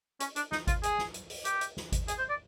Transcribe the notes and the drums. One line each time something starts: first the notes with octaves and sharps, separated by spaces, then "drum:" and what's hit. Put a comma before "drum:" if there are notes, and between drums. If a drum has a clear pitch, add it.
C#4, drum: hi-hat
D4, drum: hi-hat
D#4, drum: snare
F4, drum: kick G#1, hi-hat
G#4, drum: hi-hat
drum: snare
drum: hi-hat
drum: open hi-hat
G4, drum: hi-hat
drum: hi-hat
drum: snare
drum: kick G#1, hi-hat
G#4, drum: hi-hat
C5
D5